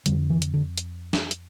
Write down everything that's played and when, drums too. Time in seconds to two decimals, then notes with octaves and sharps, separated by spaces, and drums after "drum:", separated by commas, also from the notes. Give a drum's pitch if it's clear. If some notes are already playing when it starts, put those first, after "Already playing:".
0.06 F2 D3 G3, drum: hi-hat
0.30 E3
0.42 drum: hi-hat
0.54 D3
0.77 drum: hi-hat
1.13 drum: snare
1.31 drum: hi-hat